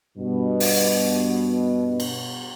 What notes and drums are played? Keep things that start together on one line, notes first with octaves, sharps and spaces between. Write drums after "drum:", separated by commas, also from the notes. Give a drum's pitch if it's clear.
G2 B2
drum: open hi-hat
drum: cymbal